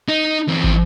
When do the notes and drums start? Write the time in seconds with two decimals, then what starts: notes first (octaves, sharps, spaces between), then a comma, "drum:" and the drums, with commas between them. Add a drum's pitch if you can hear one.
0.08 D#4
0.48 E2 C4
0.64 drum: kick